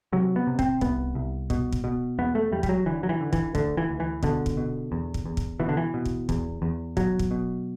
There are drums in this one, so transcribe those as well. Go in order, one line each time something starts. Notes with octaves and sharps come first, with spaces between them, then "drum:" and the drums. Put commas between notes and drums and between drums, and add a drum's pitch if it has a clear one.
C3 F#3
B3
C3
C4, drum: kick
C2 B3, drum: kick
C2
B2, drum: kick
drum: kick
B2
E2 B3
A3
E2 G3
G3, drum: kick
F#3
D3 E3
F#3
E3
D3
E3, drum: kick
D2 D3, drum: kick
E3
D2
E3
B2 D3, drum: kick
drum: kick
B2
E2
drum: kick
E2
drum: kick
B2 E3
D3
E3
B2
drum: kick
E2, drum: kick
E2
B2 F#3, drum: kick
drum: kick
B2